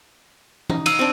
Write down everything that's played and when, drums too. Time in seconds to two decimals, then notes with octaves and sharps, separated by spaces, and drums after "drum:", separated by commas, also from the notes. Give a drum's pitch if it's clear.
0.70 D#4, drum: tom
0.86 F5 E6 D#7, drum: cymbal
0.99 C4 D4